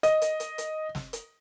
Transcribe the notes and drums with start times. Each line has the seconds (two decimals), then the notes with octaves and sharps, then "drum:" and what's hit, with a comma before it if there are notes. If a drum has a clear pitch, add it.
0.03 D#5, drum: hi-hat
0.22 drum: hi-hat
0.40 drum: hi-hat
0.58 drum: hi-hat
0.95 drum: snare
1.13 drum: hi-hat